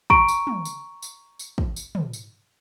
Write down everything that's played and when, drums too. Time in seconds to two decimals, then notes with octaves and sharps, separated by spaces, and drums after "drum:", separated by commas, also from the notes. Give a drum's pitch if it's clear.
0.10 A#5 C#6 D7, drum: kick
0.28 drum: tambourine
0.47 drum: tom
0.65 drum: tambourine
1.02 drum: tambourine
1.39 drum: tambourine
1.58 drum: kick
1.76 drum: tambourine
1.95 drum: tom
2.13 drum: tambourine